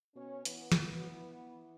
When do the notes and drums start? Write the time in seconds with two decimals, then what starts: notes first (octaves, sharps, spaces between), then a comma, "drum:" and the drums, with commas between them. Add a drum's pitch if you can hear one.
0.15 B2 C#4
0.45 E3 B3, drum: hi-hat
0.72 drum: snare
0.97 F#3
1.07 E3